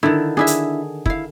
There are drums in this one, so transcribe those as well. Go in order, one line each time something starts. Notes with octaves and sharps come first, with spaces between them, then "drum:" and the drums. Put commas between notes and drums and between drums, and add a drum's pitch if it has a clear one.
D3 D#3 E4
D4 E4 G#4 E5
drum: hi-hat
E4 F5, drum: kick